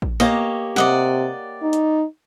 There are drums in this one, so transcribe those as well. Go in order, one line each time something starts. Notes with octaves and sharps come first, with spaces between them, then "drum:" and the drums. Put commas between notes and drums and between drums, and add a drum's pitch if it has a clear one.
drum: kick A1
A#3 G4 C#5 D#5, drum: tambourine
C3 D5 D#5 F#5, drum: snare
D#4
drum: hi-hat